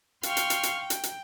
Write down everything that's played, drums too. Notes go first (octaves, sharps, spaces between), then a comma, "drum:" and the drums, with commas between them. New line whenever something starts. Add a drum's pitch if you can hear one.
F5 G5 C6 C#6 F6, drum: hi-hat
drum: hi-hat
drum: hi-hat
drum: hi-hat
G5
drum: hi-hat
drum: hi-hat